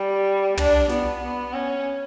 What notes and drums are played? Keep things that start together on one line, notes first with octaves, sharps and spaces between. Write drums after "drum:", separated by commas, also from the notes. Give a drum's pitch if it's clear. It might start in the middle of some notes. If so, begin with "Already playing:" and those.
Already playing: G3
D4, drum: tom
B3, drum: snare
B3
C#4